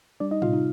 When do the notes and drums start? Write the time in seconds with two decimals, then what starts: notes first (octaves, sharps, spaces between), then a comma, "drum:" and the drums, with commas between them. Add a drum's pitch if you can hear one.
0.20 G3 D4 D5
0.31 D#4 D#5
0.42 C3 F4 F5, drum: tom A2
0.53 D#4 D#5